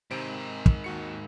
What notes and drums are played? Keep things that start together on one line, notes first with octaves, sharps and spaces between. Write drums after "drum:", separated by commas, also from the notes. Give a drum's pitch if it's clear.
G#2 C3 D#3 C4 D7
drum: kick
D#2 F#4 C#7